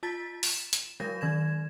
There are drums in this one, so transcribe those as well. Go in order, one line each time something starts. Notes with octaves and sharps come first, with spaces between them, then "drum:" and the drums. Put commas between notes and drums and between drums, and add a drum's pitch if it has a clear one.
F4 A5 A6 B6
E7, drum: open hi-hat
drum: hi-hat
F#3 G#3 A#4 G6 A#6
D#3 G#6 E7